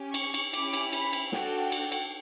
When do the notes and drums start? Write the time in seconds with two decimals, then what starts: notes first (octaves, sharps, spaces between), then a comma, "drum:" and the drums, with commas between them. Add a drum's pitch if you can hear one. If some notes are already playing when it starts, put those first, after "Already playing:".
Already playing: C#4 G4
0.14 C#6, drum: cymbal
0.34 drum: cymbal
0.54 C#4 E4 G4 D6, drum: cymbal
0.73 drum: cymbal
0.93 B5, drum: cymbal
1.13 drum: cymbal
1.32 D4 F#4 A4 G5, drum: snare
1.72 drum: cymbal
1.92 drum: cymbal